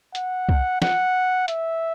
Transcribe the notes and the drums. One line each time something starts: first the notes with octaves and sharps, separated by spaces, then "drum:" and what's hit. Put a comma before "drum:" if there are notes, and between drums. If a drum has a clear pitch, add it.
F#5, drum: hi-hat
drum: kick C2
F#5, drum: snare
E5, drum: hi-hat